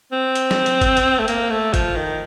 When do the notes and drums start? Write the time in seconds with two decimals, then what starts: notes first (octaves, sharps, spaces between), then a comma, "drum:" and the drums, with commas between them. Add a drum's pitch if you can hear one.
0.12 C4
0.35 drum: hi-hat
0.51 drum: snare
0.66 drum: hi-hat
0.81 drum: kick G1, hi-hat
0.97 drum: hi-hat
1.19 A3
1.28 A#3, drum: hi-hat
1.50 A3
1.74 F3, drum: kick G1, hi-hat
1.96 D#3